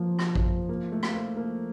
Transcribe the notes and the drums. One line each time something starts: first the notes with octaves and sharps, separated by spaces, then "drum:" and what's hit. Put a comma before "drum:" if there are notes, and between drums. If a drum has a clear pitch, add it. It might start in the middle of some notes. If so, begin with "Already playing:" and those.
Already playing: F3 A#3
drum: rim click
drum: kick A1
A#3
A3
drum: rim click
A#3
A#3